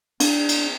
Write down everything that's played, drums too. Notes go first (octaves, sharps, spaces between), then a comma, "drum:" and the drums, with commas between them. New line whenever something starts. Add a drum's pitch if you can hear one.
D4, drum: cymbal
drum: cymbal